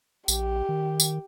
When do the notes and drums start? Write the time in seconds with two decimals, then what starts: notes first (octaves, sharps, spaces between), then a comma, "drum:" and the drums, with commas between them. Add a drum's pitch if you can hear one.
0.28 A#1 G4, drum: tambourine
0.69 D#3
1.00 drum: tambourine